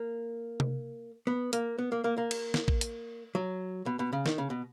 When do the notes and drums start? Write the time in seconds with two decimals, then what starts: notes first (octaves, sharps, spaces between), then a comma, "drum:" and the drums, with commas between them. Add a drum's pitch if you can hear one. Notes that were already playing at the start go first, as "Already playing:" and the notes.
Already playing: A#3
0.60 drum: tom C3
1.27 B3
1.53 A#3, drum: hi-hat
1.78 B3
1.92 A#3
2.04 A#3
2.18 A#3
2.31 drum: cymbal
2.54 drum: snare
2.68 drum: kick A#1
2.81 drum: hi-hat
3.35 F#3
3.86 B2
3.99 B2
4.13 C#3
4.26 D#3, drum: snare
4.38 C#3
4.50 B2